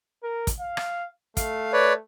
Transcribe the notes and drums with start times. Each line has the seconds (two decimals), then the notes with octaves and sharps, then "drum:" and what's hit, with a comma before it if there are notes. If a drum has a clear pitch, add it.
0.23 A#4
0.47 drum: kick, hi-hat
0.60 F5
0.77 drum: rim click
1.37 A3 F5, drum: kick, hi-hat
1.73 B4 C#5 D5